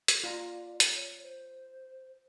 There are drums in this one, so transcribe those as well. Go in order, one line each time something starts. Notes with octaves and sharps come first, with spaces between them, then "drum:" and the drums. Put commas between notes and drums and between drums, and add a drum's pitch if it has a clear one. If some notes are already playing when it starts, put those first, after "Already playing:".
drum: hi-hat
F4 D5 A#5
drum: hi-hat
C#5
C5